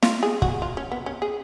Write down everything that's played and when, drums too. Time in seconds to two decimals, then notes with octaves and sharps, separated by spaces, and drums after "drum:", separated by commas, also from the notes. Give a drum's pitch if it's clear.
0.03 F4, drum: snare
0.23 G#4
0.42 F#4, drum: kick
0.62 F4
0.77 C#4
0.91 B3
1.06 C#4
1.22 G#4